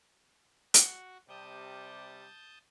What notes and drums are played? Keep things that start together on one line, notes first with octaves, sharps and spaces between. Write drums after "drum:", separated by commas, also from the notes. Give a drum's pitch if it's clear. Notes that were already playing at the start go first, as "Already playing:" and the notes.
F#4 F#5, drum: hi-hat
C3 G3 A5 D#6 G6